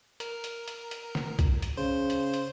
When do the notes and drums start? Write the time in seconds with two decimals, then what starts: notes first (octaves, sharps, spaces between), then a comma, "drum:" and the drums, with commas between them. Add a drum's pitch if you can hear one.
0.20 A#4, drum: hi-hat
0.44 drum: hi-hat
0.68 drum: hi-hat
0.91 drum: hi-hat
1.15 drum: snare
1.39 drum: kick, hi-hat
1.62 drum: hi-hat
1.77 C#3 C5
2.10 drum: hi-hat
2.34 drum: hi-hat